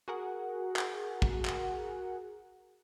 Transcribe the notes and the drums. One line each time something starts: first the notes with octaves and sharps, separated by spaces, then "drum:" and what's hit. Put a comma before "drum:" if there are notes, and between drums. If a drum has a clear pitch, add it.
F#4 G#4 A#4 F#5
drum: clap
drum: kick
drum: clap